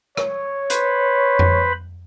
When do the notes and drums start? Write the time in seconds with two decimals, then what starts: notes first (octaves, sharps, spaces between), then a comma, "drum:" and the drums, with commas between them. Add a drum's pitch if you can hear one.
0.17 C#5, drum: rim click
0.70 B4 C5 B5, drum: hi-hat
1.39 drum: tom F2